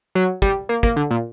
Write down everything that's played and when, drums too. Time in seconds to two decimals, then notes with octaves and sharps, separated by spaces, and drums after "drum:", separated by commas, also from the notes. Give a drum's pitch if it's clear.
0.15 F#3
0.42 G3, drum: kick
0.69 A#3
0.83 A#3, drum: kick
0.96 D3
1.11 A#2